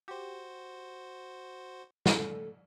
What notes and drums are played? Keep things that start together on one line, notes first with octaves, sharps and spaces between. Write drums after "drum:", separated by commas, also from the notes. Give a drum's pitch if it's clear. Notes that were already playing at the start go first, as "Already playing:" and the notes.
F#4 G4 C5
C#3 F3 A3 A4, drum: snare